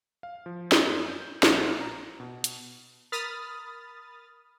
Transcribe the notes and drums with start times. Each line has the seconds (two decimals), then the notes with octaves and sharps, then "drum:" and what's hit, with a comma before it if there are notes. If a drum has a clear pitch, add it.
0.23 F5
0.46 F3
0.72 F#2, drum: snare
1.08 G6
1.43 A#1, drum: snare
1.81 A#5
2.20 B2
2.44 drum: hi-hat
3.12 A#4 B5 D#6 F6 A6